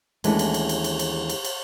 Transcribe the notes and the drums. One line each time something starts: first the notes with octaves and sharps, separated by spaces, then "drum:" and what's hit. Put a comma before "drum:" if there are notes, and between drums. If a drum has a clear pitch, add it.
D#2 E3 G#3 A3 C#4 D4, drum: cymbal
drum: cymbal
drum: cymbal
drum: cymbal
drum: cymbal
drum: cymbal
drum: cymbal
drum: cymbal